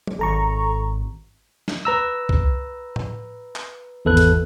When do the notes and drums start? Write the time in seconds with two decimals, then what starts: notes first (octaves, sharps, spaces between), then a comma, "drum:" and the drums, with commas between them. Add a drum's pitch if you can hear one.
0.07 drum: tom
0.19 G#1 A4 A#5 C#6
1.68 drum: snare
1.85 B4 A#5 E6
2.29 drum: kick C2
2.96 drum: tom A2
3.55 drum: clap
4.05 G#1 E2 A4 B4 F#6
4.17 drum: hi-hat